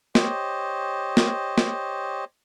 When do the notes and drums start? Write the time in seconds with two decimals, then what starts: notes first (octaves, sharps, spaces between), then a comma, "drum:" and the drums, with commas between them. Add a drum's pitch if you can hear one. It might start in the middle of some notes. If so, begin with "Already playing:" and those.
0.15 G4 C5 C#5 D#5, drum: snare
1.17 drum: snare
1.58 drum: snare